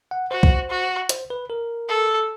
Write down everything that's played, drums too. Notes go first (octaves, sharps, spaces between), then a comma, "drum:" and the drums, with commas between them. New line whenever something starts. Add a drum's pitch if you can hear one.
F#5
F#4 C5
drum: kick
F#4
C5, drum: hi-hat
B4
A#4
A4